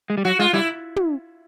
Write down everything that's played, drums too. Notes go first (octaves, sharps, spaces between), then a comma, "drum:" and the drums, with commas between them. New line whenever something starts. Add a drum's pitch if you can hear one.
G#3
G3
F#3 F#4
G#3 F4
G3 E4, drum: snare
drum: tom